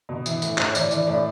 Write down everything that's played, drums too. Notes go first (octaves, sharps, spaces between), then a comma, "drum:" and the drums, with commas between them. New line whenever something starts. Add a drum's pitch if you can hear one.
B2
E3, drum: tambourine
A2, drum: tambourine
A2, drum: clap
C#5
E3 D5, drum: tambourine
E3 D5, drum: tambourine
A2 D5